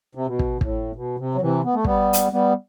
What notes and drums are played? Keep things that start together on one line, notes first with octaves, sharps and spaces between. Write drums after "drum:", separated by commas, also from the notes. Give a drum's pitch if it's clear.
C3
B2
drum: kick
A2, drum: kick
B2
C3
F#3
C3 E3
B3
A3
G3 B3, drum: kick
drum: hi-hat
G3 B3